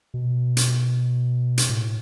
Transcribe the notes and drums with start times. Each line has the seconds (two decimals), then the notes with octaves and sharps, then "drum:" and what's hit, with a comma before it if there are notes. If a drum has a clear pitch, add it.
0.14 B2
0.57 drum: hi-hat
1.58 drum: hi-hat
1.69 A2